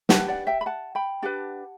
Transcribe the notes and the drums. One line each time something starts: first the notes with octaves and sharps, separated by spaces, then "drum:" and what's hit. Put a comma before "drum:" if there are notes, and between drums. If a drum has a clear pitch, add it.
D4 G4 B4 F#5 A5, drum: snare
D5 F#5
E5 G5
B5
F#5 A5
G5 B5
D4 G4 B4 F#5 A5